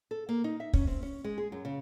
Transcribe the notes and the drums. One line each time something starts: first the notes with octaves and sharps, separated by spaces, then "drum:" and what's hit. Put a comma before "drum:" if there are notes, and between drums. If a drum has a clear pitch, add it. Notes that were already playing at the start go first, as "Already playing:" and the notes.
A4
A#3
D#4
E5
C#4, drum: kick
C4
C#4
G#3
G#4
F#2
C#3